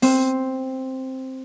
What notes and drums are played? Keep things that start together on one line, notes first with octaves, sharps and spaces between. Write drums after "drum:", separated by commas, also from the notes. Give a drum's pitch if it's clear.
C4, drum: open hi-hat